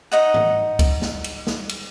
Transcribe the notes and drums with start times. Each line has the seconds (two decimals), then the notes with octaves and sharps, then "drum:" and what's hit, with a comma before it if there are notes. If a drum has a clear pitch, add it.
0.12 D#4 D#5 F#5
0.34 drum: tom G#2
0.79 drum: kick C#2, cymbal
1.02 drum: snare
1.24 drum: cymbal
1.47 drum: snare
1.69 drum: cymbal